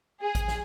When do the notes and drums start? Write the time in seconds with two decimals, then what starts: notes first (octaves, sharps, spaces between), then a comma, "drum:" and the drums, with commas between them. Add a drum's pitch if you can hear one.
0.22 G#4
0.35 drum: kick A1, hi-hat
0.48 drum: snare